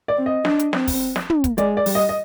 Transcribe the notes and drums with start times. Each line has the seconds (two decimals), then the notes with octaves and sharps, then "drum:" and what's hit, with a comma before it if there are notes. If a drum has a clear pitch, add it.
0.08 D5
0.17 C4
0.26 D#5
0.45 D4, drum: snare
0.59 drum: hi-hat
0.73 C4, drum: snare
0.88 drum: kick, open hi-hat
1.16 drum: snare
1.30 drum: tom
1.44 drum: kick, hi-hat
1.58 G#3 D5, drum: hi-hat
1.77 D5
1.86 G3, drum: open hi-hat
1.95 D#5
2.09 D#5